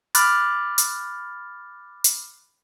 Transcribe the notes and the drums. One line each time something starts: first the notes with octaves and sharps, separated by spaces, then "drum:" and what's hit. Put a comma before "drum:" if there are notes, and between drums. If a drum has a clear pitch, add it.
B5 D6 F6 F#6 A6, drum: hi-hat
drum: hi-hat
drum: hi-hat